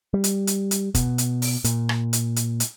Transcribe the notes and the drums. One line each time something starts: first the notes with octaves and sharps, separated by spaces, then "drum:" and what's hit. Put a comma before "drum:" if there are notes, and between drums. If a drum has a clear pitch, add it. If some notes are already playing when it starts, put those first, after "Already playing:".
G3
drum: hi-hat
drum: hi-hat
drum: hi-hat
B2, drum: kick, hi-hat
drum: hi-hat
drum: open hi-hat
A#2, drum: hi-hat
drum: rim click
drum: hi-hat
drum: hi-hat
drum: hi-hat